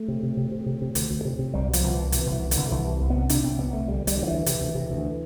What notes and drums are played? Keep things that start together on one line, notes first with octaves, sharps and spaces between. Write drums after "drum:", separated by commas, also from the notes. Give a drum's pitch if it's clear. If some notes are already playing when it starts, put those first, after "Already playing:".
Already playing: A3
C3
C3
C3
C3
C3
C3
D2, drum: hi-hat
D2
C3
C3
C2 G3
B2
F3, drum: hi-hat
C2
B2 E3
B2 E3, drum: hi-hat
C2
E3
B2
D3, drum: hi-hat
C2
C2 E3
C3
C2
B3
C3
C3 D4, drum: hi-hat
C2 C4
C3 B3
C2 A3
D2 G3
D2
G3, drum: hi-hat
D2
F3
D2 E3
C3, drum: hi-hat
D2
C3
D2